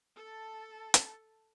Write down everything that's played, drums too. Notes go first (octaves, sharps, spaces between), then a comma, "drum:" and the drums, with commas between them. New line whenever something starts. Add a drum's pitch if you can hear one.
A4 A5
drum: hi-hat